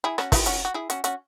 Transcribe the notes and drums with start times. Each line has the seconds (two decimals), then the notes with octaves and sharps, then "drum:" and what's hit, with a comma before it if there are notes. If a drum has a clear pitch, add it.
0.04 E4 G#4
0.18 C#4 F#4, drum: rim click
0.32 B3 E4, drum: kick, open hi-hat
0.46 C#4 F#4, drum: hi-hat
0.65 F#4
0.74 E4 G#4
0.90 C#4 F#4, drum: hi-hat
1.04 C#4 F#4, drum: hi-hat